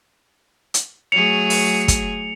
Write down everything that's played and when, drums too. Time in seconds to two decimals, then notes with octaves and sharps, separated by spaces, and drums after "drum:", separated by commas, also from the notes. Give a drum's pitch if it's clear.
0.74 drum: hi-hat
1.12 F#3 A3 G#4 C#7 F7
1.50 drum: open hi-hat
1.88 drum: kick, hi-hat